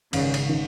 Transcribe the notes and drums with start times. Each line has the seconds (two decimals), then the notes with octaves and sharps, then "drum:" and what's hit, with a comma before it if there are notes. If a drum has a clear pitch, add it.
0.13 G#1 C#3, drum: cymbal
0.34 drum: cymbal
0.49 D#3